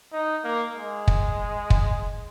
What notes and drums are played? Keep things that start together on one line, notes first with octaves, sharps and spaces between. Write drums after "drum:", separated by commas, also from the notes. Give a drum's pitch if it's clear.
D#4
A#3
G#3
drum: kick
drum: kick